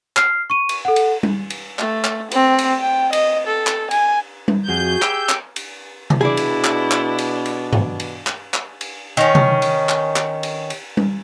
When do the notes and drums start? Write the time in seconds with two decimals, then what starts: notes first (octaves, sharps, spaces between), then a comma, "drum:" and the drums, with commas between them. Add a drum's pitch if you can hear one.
0.17 F6 C7, drum: clap
0.50 C#6 D#7
0.69 drum: cymbal
0.85 A4 F#5
0.96 drum: cymbal
1.23 drum: tom G3
1.50 drum: cymbal
1.79 A3, drum: clap
2.04 drum: clap
2.31 C4, drum: cymbal
2.59 drum: cymbal
2.81 G5
3.13 D#5, drum: cymbal
3.47 A4
3.67 drum: clap
3.91 G#5, drum: cymbal
4.48 drum: tom G3
4.69 F2 F#4 G#4 G6
5.02 G4 E6, drum: clap
5.29 drum: clap
5.56 drum: cymbal
6.10 drum: tom C3
6.21 B2 D4 E4 G#4 D5
6.37 drum: cymbal
6.64 drum: clap
6.91 drum: clap
7.18 drum: cymbal
7.46 drum: cymbal
7.73 drum: tom G2
8.00 drum: cymbal
8.27 drum: clap
8.54 drum: clap
8.81 drum: cymbal
9.17 D#3 C#4
9.35 drum: tom C3
9.62 drum: cymbal
9.89 drum: clap
10.16 drum: clap
10.43 drum: cymbal
10.70 drum: cymbal
10.97 drum: tom G3